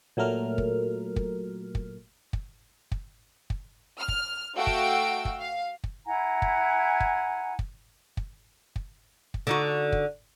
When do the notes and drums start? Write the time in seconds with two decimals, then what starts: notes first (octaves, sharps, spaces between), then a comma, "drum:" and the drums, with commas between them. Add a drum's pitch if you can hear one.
0.17 A#2 F#3 A3 A#4 F6
0.58 drum: kick
1.16 drum: kick
1.75 drum: kick
2.33 drum: kick
2.92 drum: kick
3.50 drum: kick
3.99 F6
4.08 drum: kick
4.55 A3 F#4 F5 G5 E6 D7
4.67 drum: kick
5.25 drum: kick
5.40 F5
5.84 drum: kick
6.06 E4 F#5 G#5 A#5
6.42 drum: kick
7.00 drum: kick
7.59 drum: kick
8.17 drum: kick
8.76 drum: kick
9.34 drum: kick
9.47 D3 D#4 F#4
9.92 drum: kick